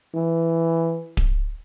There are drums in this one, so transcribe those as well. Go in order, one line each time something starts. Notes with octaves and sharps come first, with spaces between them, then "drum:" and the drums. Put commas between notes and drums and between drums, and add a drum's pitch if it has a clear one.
E3
drum: kick D1